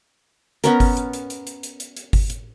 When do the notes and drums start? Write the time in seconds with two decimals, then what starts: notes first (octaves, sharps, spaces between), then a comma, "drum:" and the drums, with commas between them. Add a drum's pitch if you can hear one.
0.64 B3 C#4 A#4, drum: hi-hat
0.80 drum: kick G1, open hi-hat
0.97 drum: hi-hat
1.13 drum: hi-hat
1.30 drum: hi-hat
1.47 drum: hi-hat
1.63 drum: hi-hat
1.80 drum: hi-hat
1.97 drum: hi-hat
2.13 drum: kick G1, open hi-hat
2.30 drum: hi-hat